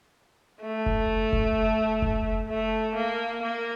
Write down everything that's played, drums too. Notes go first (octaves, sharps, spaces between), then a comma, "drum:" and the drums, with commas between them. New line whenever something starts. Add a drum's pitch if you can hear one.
A3
drum: kick F1
drum: kick F1
drum: kick F1
A3
A#3
A#3